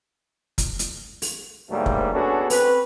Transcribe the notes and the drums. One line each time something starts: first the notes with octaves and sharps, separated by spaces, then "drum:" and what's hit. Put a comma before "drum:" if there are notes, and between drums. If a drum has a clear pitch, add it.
drum: kick, hi-hat
drum: hi-hat
drum: open hi-hat
D2 G#2 F#3 G3 A3 A#3
drum: kick
B3 C#4 D4 F#4 G#4 A4
C4 B4, drum: open hi-hat